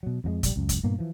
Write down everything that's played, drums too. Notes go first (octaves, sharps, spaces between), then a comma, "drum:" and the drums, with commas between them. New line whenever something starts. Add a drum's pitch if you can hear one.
B2 F#3
F2 F3 G#3
A#1 G3, drum: kick, hi-hat
C#2 F#2
drum: kick, hi-hat
G2 A#2 A#3 B3
E3 F3